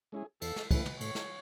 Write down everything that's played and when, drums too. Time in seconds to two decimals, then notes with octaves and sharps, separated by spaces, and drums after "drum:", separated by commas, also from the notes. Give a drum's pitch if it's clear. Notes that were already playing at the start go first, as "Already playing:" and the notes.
0.12 G#3 C#4 E4 G#4
0.42 E2 A4, drum: cymbal
0.56 drum: snare
0.71 C#3 E3 A3 E4 B4, drum: kick, cymbal
0.86 drum: tom
1.00 A2 C#5, drum: cymbal
1.15 drum: snare